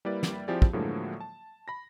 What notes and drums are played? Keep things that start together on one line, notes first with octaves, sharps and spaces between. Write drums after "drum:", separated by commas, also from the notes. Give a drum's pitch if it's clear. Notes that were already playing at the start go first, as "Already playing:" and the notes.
G3 A#3 E4 B4 D5
drum: snare
F3 C4 E4 G4 G#4 D5
drum: kick
A2 D3 F3 F#3 G#3 A#3
A5
B5 A#6